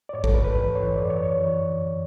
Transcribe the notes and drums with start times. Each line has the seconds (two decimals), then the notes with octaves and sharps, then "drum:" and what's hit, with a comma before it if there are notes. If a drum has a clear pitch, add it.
0.09 D5
0.13 G#2 C#5
0.24 A4, drum: kick A1
0.34 G#2 B4
0.45 B4
0.55 E3 B4
0.75 E3 C#5
0.96 F#2 D5
1.10 C#5
1.17 F#2
1.23 C#5
1.37 E3